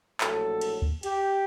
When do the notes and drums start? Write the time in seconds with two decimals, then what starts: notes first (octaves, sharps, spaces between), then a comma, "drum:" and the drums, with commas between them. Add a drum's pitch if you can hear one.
0.21 A#1 A2 F#3 A4, drum: clap
0.61 drum: cymbal
0.82 drum: kick D2
1.03 G4, drum: cymbal